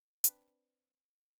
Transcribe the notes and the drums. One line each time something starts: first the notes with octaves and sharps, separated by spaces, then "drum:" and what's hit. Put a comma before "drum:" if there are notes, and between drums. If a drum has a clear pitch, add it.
C4 D4 B4, drum: hi-hat